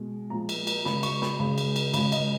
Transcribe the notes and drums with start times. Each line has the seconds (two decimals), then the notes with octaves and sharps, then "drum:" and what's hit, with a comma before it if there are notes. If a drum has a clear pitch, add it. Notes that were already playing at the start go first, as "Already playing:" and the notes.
Already playing: B2 G#3
0.30 A#2 F3 G#3 A#5
0.49 drum: cymbal
0.67 drum: cymbal
0.85 C#3 G#3 B5, drum: snare
1.03 C#6, drum: cymbal
1.22 B5, drum: snare
1.39 C#3 G#3 B5
1.58 drum: cymbal
1.76 drum: cymbal
1.94 C#3 G#3 B5, drum: cymbal
2.12 D#5, drum: cymbal